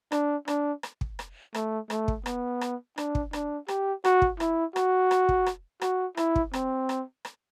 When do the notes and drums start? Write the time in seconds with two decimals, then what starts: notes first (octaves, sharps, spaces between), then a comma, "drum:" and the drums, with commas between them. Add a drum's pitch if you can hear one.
0.12 D4, drum: rim click
0.48 D4, drum: rim click
0.83 drum: rim click
1.01 drum: kick
1.19 drum: rim click
1.55 A3, drum: rim click
1.90 A3, drum: rim click
2.08 drum: kick
2.26 B3, drum: rim click
2.61 drum: rim click
2.98 D4, drum: rim click
3.15 drum: kick
3.33 D4, drum: rim click
3.68 G4, drum: rim click
4.05 F#4, drum: rim click
4.22 drum: kick
4.40 E4, drum: rim click
4.76 F#4, drum: rim click
5.11 drum: rim click
5.29 drum: kick
5.46 drum: rim click
5.81 F#4, drum: rim click
6.17 E4, drum: rim click
6.36 drum: kick
6.53 C4, drum: rim click
6.89 drum: rim click
7.25 drum: rim click